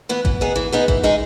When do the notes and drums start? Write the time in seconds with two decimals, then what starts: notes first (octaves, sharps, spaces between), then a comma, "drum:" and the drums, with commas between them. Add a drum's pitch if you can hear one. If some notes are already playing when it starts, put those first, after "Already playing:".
0.09 E3 B3
0.25 E3, drum: kick A1
0.41 B3 D#4 G#4
0.56 E3
0.72 B3 D#4 G#4
0.88 E3, drum: kick A1
1.04 G#3 D#4 G#4